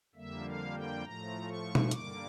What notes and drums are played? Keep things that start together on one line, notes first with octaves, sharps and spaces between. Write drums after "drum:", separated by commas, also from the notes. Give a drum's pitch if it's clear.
F2 D3 G3 A#3 E5
F5
G5
A2 F3 A3 A#5
C#6
drum: tom B2
G2 D3 G3 A#3 D6, drum: hi-hat